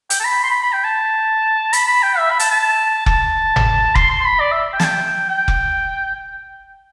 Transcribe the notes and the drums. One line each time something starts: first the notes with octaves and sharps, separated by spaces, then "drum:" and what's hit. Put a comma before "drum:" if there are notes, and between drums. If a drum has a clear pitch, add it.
G5, drum: hi-hat
A5
B5
C6
B5
B5
G5
A5
B5, drum: hi-hat
B5
G5
E5
B5
A5, drum: hi-hat
A5
A5, drum: kick F1
drum: tom G1
C6, drum: kick F1
C6
C6
B5
D5
E5
G5
A5, drum: snare
G5
G5
drum: kick F1